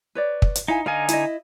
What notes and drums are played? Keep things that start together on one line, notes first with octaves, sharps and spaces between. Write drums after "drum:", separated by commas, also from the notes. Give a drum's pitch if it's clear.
B4 C#5 D5
drum: kick
drum: hi-hat
D#4 E4 F5 G#5
D3 D#4 D#5 F5 G#5
E4 D#5, drum: hi-hat